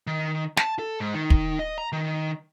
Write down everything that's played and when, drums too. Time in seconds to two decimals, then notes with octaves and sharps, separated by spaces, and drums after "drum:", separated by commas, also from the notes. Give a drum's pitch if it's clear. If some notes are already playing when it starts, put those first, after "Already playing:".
0.07 D#3
0.57 A5, drum: snare
0.79 A4
1.00 G#2
1.14 D#3
1.30 drum: kick
1.59 D#5
1.78 A#5
1.92 D#3